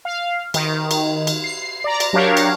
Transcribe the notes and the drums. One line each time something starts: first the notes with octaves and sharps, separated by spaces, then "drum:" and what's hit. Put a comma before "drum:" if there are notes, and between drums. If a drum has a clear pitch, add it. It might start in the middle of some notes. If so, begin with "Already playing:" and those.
F5
D#3, drum: cymbal
drum: cymbal
drum: cymbal
C7
D5 A#5
drum: cymbal
F#3 D4 G4 A#4 C#5 F5
drum: cymbal